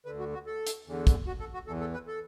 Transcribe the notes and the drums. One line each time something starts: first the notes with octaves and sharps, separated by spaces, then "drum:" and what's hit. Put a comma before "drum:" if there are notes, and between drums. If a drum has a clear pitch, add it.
D2 D3 B4
F#4
F#4
A4
drum: hi-hat
E2 D3
drum: kick, hi-hat
F#4
A4
F#4
E2 E3 A4
A4
B4
A4